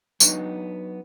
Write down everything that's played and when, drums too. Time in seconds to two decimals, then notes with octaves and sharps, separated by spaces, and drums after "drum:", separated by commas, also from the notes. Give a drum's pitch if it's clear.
0.20 F#3 B3 D4 D#4, drum: tambourine